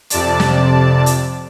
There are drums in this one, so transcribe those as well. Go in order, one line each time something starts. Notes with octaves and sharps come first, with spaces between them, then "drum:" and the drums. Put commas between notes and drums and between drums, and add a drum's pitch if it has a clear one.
F2 C3 D5 A5, drum: hi-hat
drum: snare
drum: hi-hat